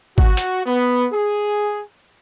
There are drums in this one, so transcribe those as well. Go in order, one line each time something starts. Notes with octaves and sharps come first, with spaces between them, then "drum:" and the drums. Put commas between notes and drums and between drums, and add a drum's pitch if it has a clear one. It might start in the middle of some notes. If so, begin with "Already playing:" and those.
F#4, drum: kick G#1
drum: hi-hat
B3
G#4